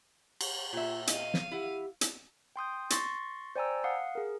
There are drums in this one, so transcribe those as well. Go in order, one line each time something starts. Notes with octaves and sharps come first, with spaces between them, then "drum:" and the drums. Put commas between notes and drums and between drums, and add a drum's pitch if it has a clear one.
drum: cymbal
A#2 F4 E5
D#5 F5 D#7, drum: hi-hat
drum: snare
E4 G4 F#5
drum: hi-hat
G5 C6 D#6 G6
C6 C#6 A6 A#6, drum: hi-hat
C5 D5 G5 G#5 A#5 E6
F5 F#5 D#6
G#4 A#4